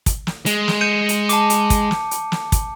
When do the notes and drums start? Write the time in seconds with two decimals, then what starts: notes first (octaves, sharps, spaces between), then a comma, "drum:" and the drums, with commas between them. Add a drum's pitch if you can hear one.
0.06 drum: kick, hi-hat
0.27 drum: snare
0.46 G#3, drum: hi-hat
0.68 drum: snare
0.81 G6 C#7 D#7
1.09 drum: hi-hat
1.29 A5 D6, drum: hi-hat
1.50 drum: hi-hat
1.70 drum: kick, hi-hat
1.91 drum: snare
2.11 drum: hi-hat
2.32 drum: snare
2.52 drum: kick, hi-hat